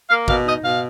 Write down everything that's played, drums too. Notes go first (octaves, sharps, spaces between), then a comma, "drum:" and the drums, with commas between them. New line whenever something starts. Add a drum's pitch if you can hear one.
A#3 F5
B2 F5, drum: kick
D#4 D#5
B2 F5